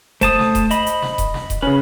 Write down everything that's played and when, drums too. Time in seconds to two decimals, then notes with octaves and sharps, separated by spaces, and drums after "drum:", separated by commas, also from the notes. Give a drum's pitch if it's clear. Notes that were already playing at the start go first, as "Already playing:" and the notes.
0.21 A3 C5 A5 D#6, drum: kick D#1, hi-hat
0.39 drum: snare
0.55 drum: kick D#1, hi-hat
0.71 D#5 B5, drum: hi-hat
0.86 drum: hi-hat
1.02 drum: snare
1.18 drum: kick D#1, hi-hat
1.34 drum: snare
1.50 drum: kick D#1, hi-hat
1.62 C#3 C#4 B4